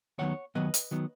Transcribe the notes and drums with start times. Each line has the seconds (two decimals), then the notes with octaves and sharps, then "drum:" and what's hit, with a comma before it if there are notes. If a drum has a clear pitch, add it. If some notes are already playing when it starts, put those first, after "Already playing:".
0.18 D#2 D#3 F#3 B3 C#5 F#5
0.55 D#2 D#3 F#3 B3 B4 D#5
0.74 drum: hi-hat
0.91 D#3 F#3 B3